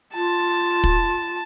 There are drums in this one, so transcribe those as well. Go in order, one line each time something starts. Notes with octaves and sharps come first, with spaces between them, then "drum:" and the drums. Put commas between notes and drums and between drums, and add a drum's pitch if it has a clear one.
F4 A5
drum: kick